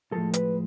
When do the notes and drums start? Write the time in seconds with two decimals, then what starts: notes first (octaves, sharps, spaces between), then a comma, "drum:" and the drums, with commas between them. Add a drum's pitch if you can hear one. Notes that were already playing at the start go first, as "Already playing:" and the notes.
0.12 A2 F3 G#3 A4
0.33 B4, drum: hi-hat